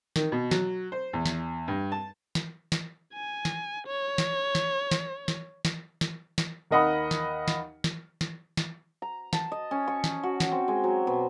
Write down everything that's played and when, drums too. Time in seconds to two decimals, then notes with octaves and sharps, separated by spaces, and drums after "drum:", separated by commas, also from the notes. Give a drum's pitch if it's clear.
0.16 D#3, drum: snare
0.32 B2
0.51 F#3, drum: snare
0.92 C5
1.13 E2
1.26 drum: snare
1.68 G2
1.92 A5
2.35 drum: snare
2.72 drum: snare
3.13 G#5
3.45 drum: snare
3.87 C#5
4.18 drum: snare
4.55 drum: snare
4.91 drum: snare
5.28 drum: snare
5.65 drum: snare
6.01 drum: snare
6.38 drum: snare
6.71 D#2 A#4 D#5 F#5 B5 D#6
7.11 drum: snare
7.48 drum: snare
7.84 drum: snare
8.21 drum: snare
8.57 drum: snare
9.02 A#5
9.33 A5, drum: snare
9.52 D#5
9.71 C#4
9.88 C#6
10.04 drum: snare
10.23 F#4
10.40 drum: snare
10.52 C4
10.68 G#3
10.84 F#3
11.07 B2